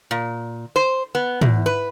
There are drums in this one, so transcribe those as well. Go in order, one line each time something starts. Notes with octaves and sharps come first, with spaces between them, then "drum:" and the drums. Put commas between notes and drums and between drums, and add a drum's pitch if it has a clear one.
A#2
C5
B3
E2, drum: tom
B4